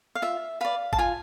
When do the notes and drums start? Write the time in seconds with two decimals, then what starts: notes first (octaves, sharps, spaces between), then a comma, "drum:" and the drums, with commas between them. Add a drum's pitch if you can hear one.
0.15 F5
0.22 F4 E5
0.61 B4 D5 F5
0.93 A5, drum: kick G#1
0.98 F4 G#5